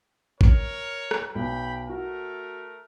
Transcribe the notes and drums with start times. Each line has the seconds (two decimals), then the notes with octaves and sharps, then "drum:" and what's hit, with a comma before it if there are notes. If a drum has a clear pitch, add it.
0.41 A#4 C#5, drum: kick
1.11 drum: rim click
1.35 B1 G5 B5
1.89 A3 F#4 A#4